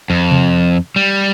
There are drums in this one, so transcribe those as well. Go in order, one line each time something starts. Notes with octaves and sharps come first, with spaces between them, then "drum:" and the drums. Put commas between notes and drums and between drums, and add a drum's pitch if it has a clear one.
F2
drum: tom C3
G3